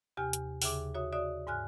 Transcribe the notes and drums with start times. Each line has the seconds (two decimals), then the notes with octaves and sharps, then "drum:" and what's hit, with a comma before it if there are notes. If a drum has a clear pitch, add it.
0.17 D#2 C3 G4 G#5 F6
0.33 drum: hi-hat
0.62 D#2 C#3 G#4 E5 D6, drum: open hi-hat
0.95 F#4 C#5 E5 D#6
1.13 F#4 D5 E5 D#6
1.47 G#2 G#5 F6 F#6